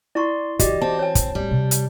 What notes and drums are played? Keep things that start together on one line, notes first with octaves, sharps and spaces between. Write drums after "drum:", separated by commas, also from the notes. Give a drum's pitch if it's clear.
E4 D5 A#5 C6 C#6
E3 F#4 G4 D5 D#5, drum: kick, hi-hat
C4 A5
C#5 G#5
drum: kick, hi-hat
D1 G3 C4
C3
drum: hi-hat